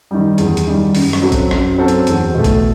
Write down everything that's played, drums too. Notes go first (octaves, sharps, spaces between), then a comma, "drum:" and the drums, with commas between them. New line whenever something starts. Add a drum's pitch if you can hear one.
D#3 G3
E2, drum: hi-hat
drum: hi-hat
D#3 G3
F#2, drum: open hi-hat
drum: rim click
F#3 C4 F#4 A4
drum: kick A#1, hi-hat
F#2, drum: rim click
F#3 C4 F#4 A4
drum: hi-hat
E2, drum: hi-hat
B2 A3
drum: kick A#1, hi-hat